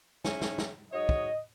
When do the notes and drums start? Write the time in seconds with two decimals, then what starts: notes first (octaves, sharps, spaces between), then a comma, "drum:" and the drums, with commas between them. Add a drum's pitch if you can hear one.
0.25 G#2 C#4 E4, drum: snare
0.41 drum: snare
0.58 drum: snare
0.93 G#2 F#3 C#5 D#5
1.09 drum: kick